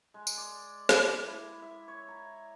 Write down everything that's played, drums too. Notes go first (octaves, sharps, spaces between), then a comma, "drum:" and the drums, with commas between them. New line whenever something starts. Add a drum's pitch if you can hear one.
G#3
drum: tambourine
D5
drum: snare
E4
E5
C#5
A#5